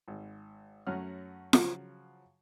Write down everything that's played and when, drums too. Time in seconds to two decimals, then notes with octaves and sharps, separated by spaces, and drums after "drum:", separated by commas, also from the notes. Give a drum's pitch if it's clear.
0.08 G#1
0.87 F#2 F#3 A3 C#4 F#5 F6
1.53 C#3 F3 F#3, drum: snare F4